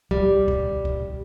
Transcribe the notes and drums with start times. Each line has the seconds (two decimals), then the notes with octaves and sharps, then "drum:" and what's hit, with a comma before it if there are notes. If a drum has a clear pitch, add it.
0.11 G3, drum: kick
0.48 drum: kick
0.85 drum: kick